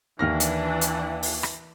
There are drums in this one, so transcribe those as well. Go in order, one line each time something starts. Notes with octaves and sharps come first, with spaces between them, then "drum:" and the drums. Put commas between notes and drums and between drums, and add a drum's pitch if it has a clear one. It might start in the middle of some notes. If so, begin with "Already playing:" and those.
D#2 E3 D4 F6 A#6
drum: hi-hat
drum: hi-hat
drum: open hi-hat
drum: rim click